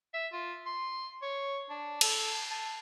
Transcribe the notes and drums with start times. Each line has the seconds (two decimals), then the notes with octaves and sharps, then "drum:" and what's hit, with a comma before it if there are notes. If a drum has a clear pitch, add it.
0.14 E5
0.33 F4
0.66 C6
1.22 C#5
1.70 D4
2.01 A4, drum: cymbal
2.51 A5